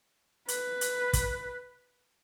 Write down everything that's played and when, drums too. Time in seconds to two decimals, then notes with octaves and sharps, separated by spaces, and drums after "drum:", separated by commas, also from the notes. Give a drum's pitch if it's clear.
0.48 B4, drum: hi-hat
0.81 drum: hi-hat
1.13 drum: kick, hi-hat